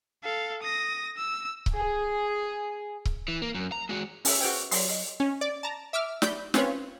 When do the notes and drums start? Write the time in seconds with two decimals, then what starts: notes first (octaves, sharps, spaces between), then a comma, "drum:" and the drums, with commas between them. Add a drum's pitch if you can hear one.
0.24 A4 F5
0.63 D#6 A#6
1.17 E6
1.66 drum: kick C#1
1.76 G#4
3.05 drum: kick C#1
3.28 E3
3.42 A#3
3.55 F#2
3.72 A#5
3.89 G#3 F#4
4.25 C#4 E5, drum: open hi-hat
4.41 F#4 G#4 B4 C5 G5
4.71 F#3 C#5 D5 C6, drum: open hi-hat
4.90 D#5
5.20 C#4
5.41 D5
5.63 A5 A#5
5.93 E5 D6 E6 F6
6.22 D5 B5 G6, drum: snare
6.54 C4 C#4 F4 B4 C#5, drum: snare